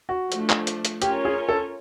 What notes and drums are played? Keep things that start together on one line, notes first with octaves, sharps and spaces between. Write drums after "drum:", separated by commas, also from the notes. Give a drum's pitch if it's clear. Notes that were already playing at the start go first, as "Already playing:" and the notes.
F#4
F3 A3 D4, drum: hi-hat
drum: clap
drum: hi-hat
drum: hi-hat
C#4 F4 G4 A#4 C#5, drum: hi-hat
G#4
A4